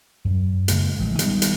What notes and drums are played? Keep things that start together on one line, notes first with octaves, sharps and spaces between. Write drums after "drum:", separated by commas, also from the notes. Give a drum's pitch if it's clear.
F#2
C#3 G#3 A#3, drum: hi-hat
A1 F3 G#3
D#3 G3 G#3 B3, drum: hi-hat
drum: hi-hat